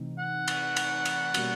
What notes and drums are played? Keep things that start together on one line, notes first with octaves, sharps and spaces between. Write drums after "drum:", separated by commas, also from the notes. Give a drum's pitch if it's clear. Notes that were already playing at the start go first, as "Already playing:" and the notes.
Already playing: C3 E3 A3 C4 D#4
F#5
drum: cymbal
drum: cymbal
drum: cymbal
B2 G3 A#3 C#4 F#4, drum: cymbal